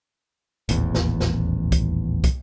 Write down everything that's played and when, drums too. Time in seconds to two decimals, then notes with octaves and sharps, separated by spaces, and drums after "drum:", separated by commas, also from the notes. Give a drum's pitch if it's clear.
0.69 D#1 A1 E2, drum: hi-hat
0.95 drum: snare
1.20 drum: snare
1.72 drum: kick, hi-hat
2.24 drum: kick, hi-hat